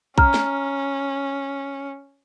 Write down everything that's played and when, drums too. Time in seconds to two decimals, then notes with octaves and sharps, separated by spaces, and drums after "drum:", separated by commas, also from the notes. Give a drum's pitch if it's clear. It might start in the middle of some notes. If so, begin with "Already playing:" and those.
0.18 C#4 A#5 F6, drum: kick B1
0.34 drum: snare